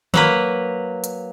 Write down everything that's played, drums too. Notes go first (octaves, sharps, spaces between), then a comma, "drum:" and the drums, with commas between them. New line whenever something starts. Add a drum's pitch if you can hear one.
F#3 A#3 B4, drum: tom
drum: hi-hat